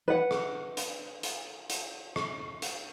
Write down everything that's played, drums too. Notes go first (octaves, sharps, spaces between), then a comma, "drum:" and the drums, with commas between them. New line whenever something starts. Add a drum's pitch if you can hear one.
B4 F#5
drum: rim click
drum: hi-hat
drum: hi-hat
drum: hi-hat
drum: rim click
drum: hi-hat